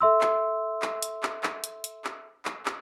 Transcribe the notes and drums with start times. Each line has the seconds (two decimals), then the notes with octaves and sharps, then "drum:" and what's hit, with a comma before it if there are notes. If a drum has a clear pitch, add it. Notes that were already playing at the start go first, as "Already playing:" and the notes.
0.01 A4 E5 C6 E6
0.21 drum: clap
0.82 drum: clap
1.02 drum: hi-hat
1.23 drum: clap
1.43 drum: clap
1.64 drum: hi-hat
1.84 drum: hi-hat
2.04 drum: clap
2.45 drum: clap
2.66 drum: clap